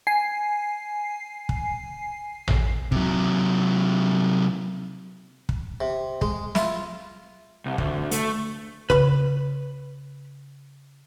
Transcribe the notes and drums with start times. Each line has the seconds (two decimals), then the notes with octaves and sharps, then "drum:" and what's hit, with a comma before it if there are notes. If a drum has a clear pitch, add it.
0.07 G#5 C7
1.49 drum: kick
2.48 drum: tom A1
2.92 C3 F#3, drum: kick
5.49 drum: kick
5.81 C3
6.21 G#3, drum: kick
6.55 E4 F4, drum: snare
7.66 C2
7.78 D2, drum: kick
8.11 A3, drum: hi-hat
8.90 C#3 B4 B5, drum: kick